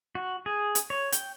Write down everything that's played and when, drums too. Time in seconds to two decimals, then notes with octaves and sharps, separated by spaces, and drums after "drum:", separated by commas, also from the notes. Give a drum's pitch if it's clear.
0.15 F#4
0.46 G#4
0.75 drum: hi-hat
0.90 C#5
1.12 G5, drum: hi-hat